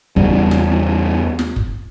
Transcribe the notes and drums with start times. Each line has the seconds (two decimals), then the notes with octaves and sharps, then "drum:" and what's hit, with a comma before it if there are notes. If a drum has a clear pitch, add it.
0.16 E2 C#3 G3, drum: kick
0.51 drum: snare
1.39 drum: snare
1.56 drum: kick